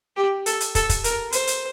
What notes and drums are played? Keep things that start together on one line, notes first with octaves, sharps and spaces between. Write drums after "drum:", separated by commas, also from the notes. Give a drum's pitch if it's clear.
G4
A4, drum: hi-hat
drum: hi-hat
A4, drum: kick, hi-hat
drum: kick, hi-hat
A#4, drum: hi-hat
C5, drum: hi-hat
drum: hi-hat